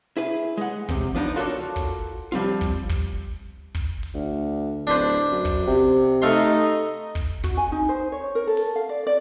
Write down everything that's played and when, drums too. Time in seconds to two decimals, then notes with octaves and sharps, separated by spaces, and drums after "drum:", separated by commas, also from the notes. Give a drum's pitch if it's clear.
0.17 E4 G#4 B4
0.57 G#3 F#5
0.89 E2 C3, drum: kick
1.15 F3 B3 D4 D#4
1.36 F4 F#4 A4 A#4 C#5 D5
1.76 drum: kick, hi-hat
2.32 F3 G3 C4 F4
2.61 drum: kick
2.90 drum: kick
3.75 drum: kick
4.03 drum: hi-hat
4.14 D2
4.87 D1 D4 B4 C5
5.31 F#2
5.45 drum: kick
5.67 C3
6.22 A3 D#4 D#5 F5 C6
7.15 drum: kick
7.44 F#4, drum: kick, hi-hat
7.57 G#5
7.72 D#4
7.89 C5
8.12 C#5
8.35 A#4
8.47 A4
8.57 drum: hi-hat
8.76 F5
8.89 D5
9.07 D5